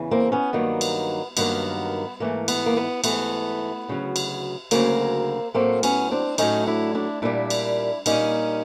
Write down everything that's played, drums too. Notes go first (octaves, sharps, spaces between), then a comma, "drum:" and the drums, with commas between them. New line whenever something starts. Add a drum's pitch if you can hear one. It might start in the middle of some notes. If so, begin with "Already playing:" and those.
Already playing: E2 C#3 E3
A#3 C4
B3 C#4
G2 D#3 F#3 A#3
drum: cymbal
G2 D#3 F#3 A#3 B3, drum: cymbal
G#2 E3 A3 A#3
B3, drum: cymbal
A#3
B3
G#2 E3 A3 B3, drum: cymbal
D2 C#3 F#3
drum: cymbal
D2 C#3 F#3 A#3 C4, drum: cymbal
A2 F#3 A3 A#3 C4
B3 C#4, drum: cymbal
C4 D4
A2 F#3 A3 C#4 D#4, drum: cymbal
D4 E4
D4 E4
A#2 G3 A#3 D4 E4
drum: cymbal
A#2 G3 A#3 C#4 D#4, drum: cymbal